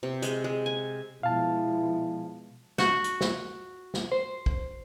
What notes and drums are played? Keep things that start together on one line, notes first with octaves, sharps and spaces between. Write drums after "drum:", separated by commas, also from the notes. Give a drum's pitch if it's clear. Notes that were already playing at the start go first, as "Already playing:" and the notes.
C3
G#3, drum: hi-hat
G#3
G#5
B2 F3 G#3 E4 F5 A5
F#4, drum: snare
drum: hi-hat
drum: snare
drum: snare
C5
drum: kick